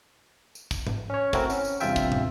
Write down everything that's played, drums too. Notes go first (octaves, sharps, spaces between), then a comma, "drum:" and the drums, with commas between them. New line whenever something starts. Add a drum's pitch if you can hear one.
drum: tambourine
drum: kick, tambourine
drum: tom G#2
C#4 C#5
A3 C4 E4 F#4 A#4, drum: kick, tambourine
C#4, drum: tambourine
drum: tambourine
E2 G2 C3 F4 E5 G5, drum: tambourine
drum: kick, tambourine
drum: tom